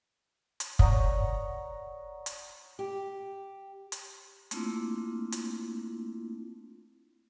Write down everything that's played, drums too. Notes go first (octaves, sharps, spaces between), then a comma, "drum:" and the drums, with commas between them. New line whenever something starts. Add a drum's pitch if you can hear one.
drum: hi-hat
C#5 D5 F#5 A#5 C#6 D#6, drum: kick
drum: hi-hat
G4
drum: hi-hat
A3 A#3 C4 D4 E4 F4, drum: hi-hat
drum: hi-hat